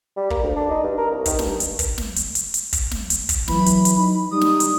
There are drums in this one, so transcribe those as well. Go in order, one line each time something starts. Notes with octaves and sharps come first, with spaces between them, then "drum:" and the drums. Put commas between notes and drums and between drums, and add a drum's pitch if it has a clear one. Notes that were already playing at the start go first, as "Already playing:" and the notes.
G3
A#3, drum: kick
D2
D4
D#4
G2
A#4
C2
D#3, drum: kick, hi-hat
G2, drum: snare
drum: hi-hat
drum: kick, hi-hat
drum: snare
drum: hi-hat
drum: hi-hat
drum: hi-hat
drum: kick, hi-hat
drum: snare
drum: hi-hat
drum: kick, hi-hat
E3 F#3 B5, drum: snare
drum: hi-hat
drum: hi-hat
D#4
G3 D#4 D#6
drum: snare
drum: hi-hat